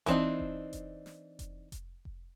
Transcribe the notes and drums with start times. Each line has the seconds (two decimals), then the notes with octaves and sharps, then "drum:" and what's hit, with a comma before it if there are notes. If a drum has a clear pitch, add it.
0.06 E3 B3 C4 D4 D#4, drum: kick F1, hi-hat
0.39 drum: kick F1
0.73 drum: kick F1, hi-hat
1.06 drum: snare
1.39 drum: kick F1, hi-hat
1.72 drum: kick F1, hi-hat
2.05 drum: kick F1